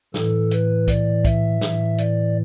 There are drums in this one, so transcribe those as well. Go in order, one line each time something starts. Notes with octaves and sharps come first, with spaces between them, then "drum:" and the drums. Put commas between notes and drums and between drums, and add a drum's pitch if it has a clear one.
A2 E3 A4, drum: snare
B4, drum: hi-hat
D5, drum: kick B1, hi-hat
E5, drum: kick B1, hi-hat
A2 E3, drum: snare
D5, drum: hi-hat